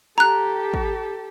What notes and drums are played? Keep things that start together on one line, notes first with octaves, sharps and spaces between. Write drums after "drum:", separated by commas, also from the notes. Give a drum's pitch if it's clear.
G4 A4 A#5 F#6
drum: kick